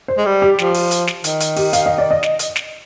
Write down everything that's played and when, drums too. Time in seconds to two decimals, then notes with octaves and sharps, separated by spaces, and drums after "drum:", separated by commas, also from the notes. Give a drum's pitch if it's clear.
0.08 C5
0.17 G#3
0.26 G3
0.42 G4
0.59 F3, drum: snare
0.74 drum: open hi-hat
0.91 drum: hi-hat
1.07 drum: snare
1.24 D#3, drum: hi-hat
1.40 drum: hi-hat
1.56 G4, drum: open hi-hat
1.73 F5, drum: hi-hat
1.86 D#5
1.98 D5
2.11 D#5
2.23 drum: snare
2.39 drum: hi-hat
2.56 drum: snare